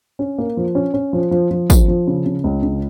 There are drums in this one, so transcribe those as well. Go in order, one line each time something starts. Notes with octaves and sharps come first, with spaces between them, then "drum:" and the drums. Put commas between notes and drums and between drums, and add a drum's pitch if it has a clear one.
C#4
A#3
F3
C#4
C#4
F3
F3
F3
F3, drum: kick, tambourine
F3
C#3
C#3
C#2
C#3